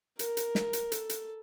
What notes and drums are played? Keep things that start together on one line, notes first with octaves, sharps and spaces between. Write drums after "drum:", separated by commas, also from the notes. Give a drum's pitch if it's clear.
A#4, drum: hi-hat
drum: hi-hat
drum: snare
drum: hi-hat
A4, drum: hi-hat
drum: hi-hat